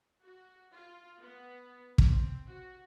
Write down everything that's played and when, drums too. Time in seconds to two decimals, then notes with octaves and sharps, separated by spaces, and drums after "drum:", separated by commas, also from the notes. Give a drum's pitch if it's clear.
0.25 F#4
0.73 F4
1.20 B3
1.98 C4, drum: kick
2.47 F#4